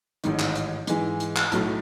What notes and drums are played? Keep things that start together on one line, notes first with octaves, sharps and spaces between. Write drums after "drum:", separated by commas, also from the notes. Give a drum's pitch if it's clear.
A1 G#2 D#3, drum: hi-hat
drum: clap
drum: hi-hat
G#2 E3 G#3, drum: hi-hat
drum: hi-hat
drum: clap
B1 A2 F#3 A3, drum: hi-hat